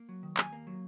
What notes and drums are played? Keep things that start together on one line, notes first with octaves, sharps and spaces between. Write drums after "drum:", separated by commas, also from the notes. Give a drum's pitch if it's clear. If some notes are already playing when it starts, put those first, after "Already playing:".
Already playing: A#3
F#3
D#3
D#2 G#5, drum: clap
A#3
F#3